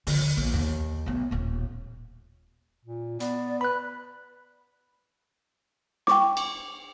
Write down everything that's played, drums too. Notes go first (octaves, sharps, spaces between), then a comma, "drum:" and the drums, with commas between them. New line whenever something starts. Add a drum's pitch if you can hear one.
D3 F3, drum: open hi-hat
D2
A#1
D#2 D#3
B1 A3
D#1 A1
A#2
B3 D5, drum: hi-hat
B4 B5 F#6
G5 C#6 D6, drum: snare
drum: cymbal